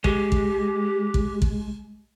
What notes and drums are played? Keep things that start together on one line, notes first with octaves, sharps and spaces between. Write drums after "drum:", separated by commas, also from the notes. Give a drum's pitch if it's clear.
G#3 G4, drum: kick A1
drum: kick A1
drum: kick A1
drum: kick A1